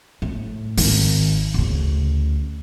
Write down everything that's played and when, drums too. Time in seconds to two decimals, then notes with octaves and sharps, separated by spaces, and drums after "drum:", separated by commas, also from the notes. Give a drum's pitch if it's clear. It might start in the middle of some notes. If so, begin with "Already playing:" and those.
0.22 A2
0.77 G#1 D#3, drum: open hi-hat
1.54 D2 C#3